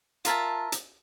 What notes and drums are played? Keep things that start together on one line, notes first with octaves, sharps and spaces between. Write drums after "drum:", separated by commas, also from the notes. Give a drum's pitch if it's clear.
F4 A#4 E5 A5, drum: hi-hat
drum: hi-hat